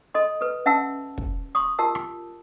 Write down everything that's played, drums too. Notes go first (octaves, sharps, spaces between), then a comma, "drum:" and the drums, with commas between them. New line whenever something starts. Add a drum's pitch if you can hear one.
A4 D#5 C6
A4 B4
C#4 E5 F#5 A5 E6
drum: kick
C6 C#6 D#6
F4 G4 A#4 A5 E6
drum: rim click